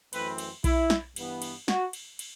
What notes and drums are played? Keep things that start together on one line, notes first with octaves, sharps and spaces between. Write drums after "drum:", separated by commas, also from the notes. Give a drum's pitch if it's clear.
F#2 E3 A3 C4 B4, drum: cymbal
drum: cymbal
E4, drum: kick B1, cymbal
drum: snare
G2 E3 B3, drum: cymbal
drum: cymbal
F#4, drum: snare
drum: cymbal
drum: cymbal